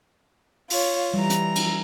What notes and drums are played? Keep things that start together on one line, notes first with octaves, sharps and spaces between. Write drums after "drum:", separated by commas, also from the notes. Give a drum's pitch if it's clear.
F4 C#5, drum: open hi-hat
E3 G3 A#5
drum: hi-hat
drum: cymbal